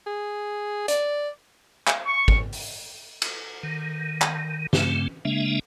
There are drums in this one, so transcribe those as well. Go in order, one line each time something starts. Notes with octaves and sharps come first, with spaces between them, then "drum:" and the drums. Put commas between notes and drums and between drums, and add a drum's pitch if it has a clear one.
G#4
D5, drum: hi-hat
drum: clap
C#6
drum: kick
drum: open hi-hat
drum: cymbal
D#3
drum: clap
G2 C#3 A3 C4, drum: snare
C#3 G#3 A#3 D4 E5